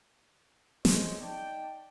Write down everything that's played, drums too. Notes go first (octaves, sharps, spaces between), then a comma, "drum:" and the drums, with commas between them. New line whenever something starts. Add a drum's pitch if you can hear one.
G#4 C5 C#5 D#5, drum: snare
D#4 D5 G5 A5